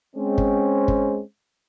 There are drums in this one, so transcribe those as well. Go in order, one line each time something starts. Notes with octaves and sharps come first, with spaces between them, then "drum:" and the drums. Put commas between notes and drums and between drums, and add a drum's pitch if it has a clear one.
G#3 C4 C#4
drum: kick
drum: kick